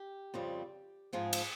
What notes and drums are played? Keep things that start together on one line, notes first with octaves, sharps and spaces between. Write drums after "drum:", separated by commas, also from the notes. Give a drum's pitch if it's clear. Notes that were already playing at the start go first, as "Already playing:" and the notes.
Already playing: G4
F2 C#3 G3 C4
G#2 F3 C4 G#4
drum: cymbal